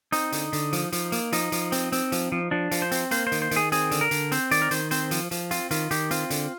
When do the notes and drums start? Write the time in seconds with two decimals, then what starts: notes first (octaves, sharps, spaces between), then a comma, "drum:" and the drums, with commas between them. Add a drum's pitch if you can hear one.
0.12 C4 D#4, drum: hi-hat
0.32 D3, drum: hi-hat
0.53 D3, drum: hi-hat
0.73 F3, drum: hi-hat
0.92 F3, drum: hi-hat
1.12 A#3, drum: hi-hat
1.32 F3 D#4, drum: hi-hat
1.52 F3, drum: hi-hat
1.72 C4, drum: hi-hat
1.92 C4, drum: hi-hat
2.12 F3, drum: hi-hat
2.32 F3
2.51 F3 D4
2.71 F3, drum: hi-hat
2.82 C5
2.92 C4, drum: hi-hat
3.11 A#3 C5, drum: hi-hat
3.27 C5
3.32 D#3, drum: hi-hat
3.42 C5
3.51 D#3, drum: hi-hat
3.56 G#4
3.72 C4 G#4, drum: hi-hat
3.91 D3, drum: hi-hat
4.01 A#4
4.11 D3, drum: hi-hat
4.32 C4 C5, drum: hi-hat
4.51 D#3 D5, drum: hi-hat
4.62 A#4
4.71 D#3 C5, drum: hi-hat
4.91 C4 C5, drum: hi-hat
5.11 F3, drum: hi-hat
5.31 F3, drum: hi-hat
5.51 C4 F4, drum: hi-hat
5.71 D#3 F4, drum: hi-hat
5.91 D#3 G4, drum: hi-hat
6.11 C4 F4, drum: hi-hat
6.30 D3, drum: hi-hat